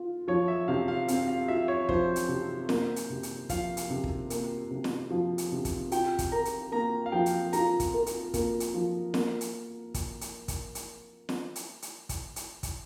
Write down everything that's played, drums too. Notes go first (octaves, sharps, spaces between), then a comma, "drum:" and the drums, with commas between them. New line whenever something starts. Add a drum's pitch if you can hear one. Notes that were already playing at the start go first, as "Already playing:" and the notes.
Already playing: F4
F3 C#5
E5
C3 F5
F5
C4 F5, drum: hi-hat
F5
F4 E5
C#5
F3 C5, drum: kick
drum: hi-hat
C3
A#3, drum: snare
drum: hi-hat
C3
drum: hi-hat
F3 F5, drum: kick, hi-hat
drum: hi-hat
C3
drum: kick
A#3, drum: hi-hat
C3
drum: snare
F3
drum: hi-hat
C3
drum: kick, hi-hat
F4 G5, drum: hi-hat
drum: kick, hi-hat
A#4 A#5
drum: hi-hat
A#3 A#5
F5
F3 G5
drum: hi-hat
F4 A#5, drum: hi-hat
drum: kick, hi-hat
A#4
drum: hi-hat
A#3, drum: kick, hi-hat
drum: hi-hat
F3
A#3, drum: snare
drum: hi-hat
drum: kick, hi-hat
drum: hi-hat
drum: kick, hi-hat
drum: hi-hat
drum: snare
drum: hi-hat
drum: hi-hat
drum: kick, hi-hat
drum: hi-hat
drum: kick, hi-hat